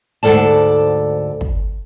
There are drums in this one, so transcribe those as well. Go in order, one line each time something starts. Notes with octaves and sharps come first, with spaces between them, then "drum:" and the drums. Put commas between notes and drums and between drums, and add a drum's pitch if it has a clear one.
D2 G#2 C#3 A4 D5 A5
drum: kick